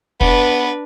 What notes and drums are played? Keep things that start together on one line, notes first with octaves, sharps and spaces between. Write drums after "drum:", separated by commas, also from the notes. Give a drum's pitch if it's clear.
B3 D4 B4, drum: kick